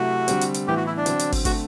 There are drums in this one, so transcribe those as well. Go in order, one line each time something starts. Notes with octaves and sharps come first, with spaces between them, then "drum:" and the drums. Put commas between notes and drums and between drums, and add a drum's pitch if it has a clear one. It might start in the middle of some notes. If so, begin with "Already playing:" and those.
Already playing: C3 F#3 A3 E4 F#4
D3 G3 C4, drum: hi-hat
drum: hi-hat
drum: hi-hat
A2 E3 B3 G4
F#4
E4
D4
D3 F#3 C4, drum: hi-hat
drum: hi-hat
drum: kick, open hi-hat
D3 A3 C4 F#4, drum: kick, hi-hat